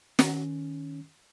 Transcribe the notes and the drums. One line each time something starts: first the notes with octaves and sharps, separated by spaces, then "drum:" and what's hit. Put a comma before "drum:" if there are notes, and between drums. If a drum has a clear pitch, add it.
D#3 C#4, drum: snare